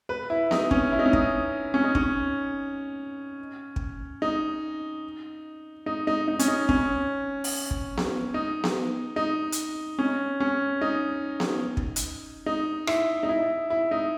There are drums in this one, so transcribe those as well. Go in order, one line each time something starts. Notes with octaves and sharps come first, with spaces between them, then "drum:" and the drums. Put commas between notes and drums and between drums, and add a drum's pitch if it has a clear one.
B4
E4
D#4, drum: snare B3
C#4, drum: kick
E4
D#4
C#4
D#4, drum: kick
C#4
D#4
C#4, drum: kick
drum: kick
D#4
D#4
D#4
D#4
C#4, drum: hi-hat
D#4
C#4, drum: kick
drum: open hi-hat
drum: kick
drum: snare B3
D#4
drum: snare B3
D#4
drum: hi-hat
C#4
C#4
D#4
drum: snare B3
drum: kick
drum: hi-hat
D#4
E4, drum: rim click
D#4
E4
E4
D#4